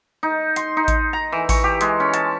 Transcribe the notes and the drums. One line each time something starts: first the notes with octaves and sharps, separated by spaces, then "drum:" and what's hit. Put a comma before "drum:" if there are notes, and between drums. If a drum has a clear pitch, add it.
D#4
C6, drum: hi-hat
D#4
drum: kick A1, hi-hat
A#5
E3
C#6, drum: kick A1, open hi-hat
G4
G#3, drum: hi-hat
C#4
A5, drum: hi-hat